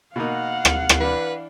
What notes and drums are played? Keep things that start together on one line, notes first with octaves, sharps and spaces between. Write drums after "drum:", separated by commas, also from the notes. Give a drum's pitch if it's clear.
B2 A#3 D#4 F5 F#5
drum: rim click
drum: rim click
E3 D4 B4